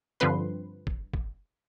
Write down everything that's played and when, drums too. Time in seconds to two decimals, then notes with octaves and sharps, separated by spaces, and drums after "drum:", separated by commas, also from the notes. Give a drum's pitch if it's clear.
0.20 G2 D3 F3 C4 B4 C6
0.87 drum: kick
1.14 drum: kick